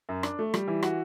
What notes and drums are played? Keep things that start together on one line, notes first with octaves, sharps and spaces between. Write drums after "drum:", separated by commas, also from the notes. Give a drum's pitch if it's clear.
F#2
D4, drum: rim click
A3
G3, drum: rim click
E3
F#4, drum: rim click